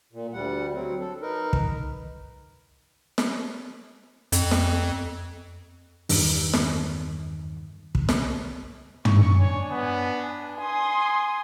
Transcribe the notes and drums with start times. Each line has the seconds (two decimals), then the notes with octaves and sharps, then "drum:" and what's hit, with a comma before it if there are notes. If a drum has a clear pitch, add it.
0.13 A#2
0.33 D2 G3 F#5
0.75 F#3 C4
1.00 A4
1.22 D#4 A#4 B4
1.53 drum: kick
3.18 drum: snare
4.32 F2, drum: hi-hat
4.51 drum: snare
6.09 E2 G2 D#3, drum: open hi-hat
6.54 drum: snare
7.95 drum: kick
8.09 drum: snare
9.05 C#6, drum: tom
9.39 D4 C#5 G#5
9.72 B3
10.58 G#5 C6 D#6